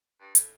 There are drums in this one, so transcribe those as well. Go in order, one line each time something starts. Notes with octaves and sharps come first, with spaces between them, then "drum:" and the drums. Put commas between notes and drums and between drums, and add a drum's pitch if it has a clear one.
G2
A2, drum: hi-hat